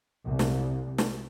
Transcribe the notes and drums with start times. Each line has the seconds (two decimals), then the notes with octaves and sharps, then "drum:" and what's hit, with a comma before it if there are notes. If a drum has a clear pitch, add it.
0.24 C2
0.39 drum: snare
0.98 drum: snare